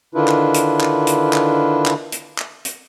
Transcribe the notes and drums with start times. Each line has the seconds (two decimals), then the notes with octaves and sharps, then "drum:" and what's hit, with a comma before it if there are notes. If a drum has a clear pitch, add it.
0.15 D3 D#3 D4 E4 F4 B4
0.28 drum: clap
0.54 drum: hi-hat
0.81 drum: clap
1.07 drum: hi-hat
1.33 drum: clap
1.86 drum: clap
2.12 drum: hi-hat
2.38 drum: clap
2.65 drum: hi-hat